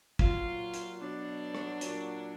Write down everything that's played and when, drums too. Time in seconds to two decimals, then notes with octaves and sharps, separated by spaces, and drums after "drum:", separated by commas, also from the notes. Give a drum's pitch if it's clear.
0.19 A#2 F#3 F4, drum: kick
0.74 drum: hi-hat
1.00 B2 F#3 D4
1.55 drum: rim click
1.81 A#2 F#3, drum: hi-hat